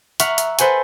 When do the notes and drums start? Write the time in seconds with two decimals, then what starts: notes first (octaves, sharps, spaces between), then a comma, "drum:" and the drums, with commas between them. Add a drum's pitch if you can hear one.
0.20 E5 F#5 A#5 C#6 F6 F#6, drum: hi-hat
0.38 drum: hi-hat
0.59 A4 B4 C5 F#5 G#5, drum: hi-hat